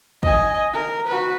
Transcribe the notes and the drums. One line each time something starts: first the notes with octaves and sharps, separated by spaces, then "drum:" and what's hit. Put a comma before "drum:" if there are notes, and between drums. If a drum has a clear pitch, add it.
D#5 G#5, drum: kick
A#4
F#4 B4